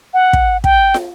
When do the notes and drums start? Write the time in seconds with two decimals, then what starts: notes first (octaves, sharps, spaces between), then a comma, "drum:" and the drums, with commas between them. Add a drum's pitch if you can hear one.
0.14 F#5
0.33 drum: kick
0.64 G5, drum: kick
0.94 drum: snare